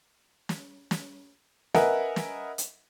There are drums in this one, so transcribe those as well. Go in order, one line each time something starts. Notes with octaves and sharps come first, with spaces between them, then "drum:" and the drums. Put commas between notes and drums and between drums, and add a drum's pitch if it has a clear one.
drum: snare
drum: snare
A#4 B4 D#5 E5 F#5 G#5, drum: snare
drum: snare
drum: hi-hat